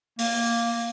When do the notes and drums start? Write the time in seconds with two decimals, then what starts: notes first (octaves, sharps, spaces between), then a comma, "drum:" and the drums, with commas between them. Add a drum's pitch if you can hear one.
0.19 A#3, drum: open hi-hat